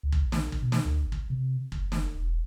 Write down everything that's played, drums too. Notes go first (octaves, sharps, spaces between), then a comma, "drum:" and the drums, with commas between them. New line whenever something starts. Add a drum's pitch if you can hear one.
D2
drum: kick
A#1
drum: snare
drum: kick
B2
drum: snare
D2
G#1
drum: kick
C3
F#1, drum: kick
drum: snare
E1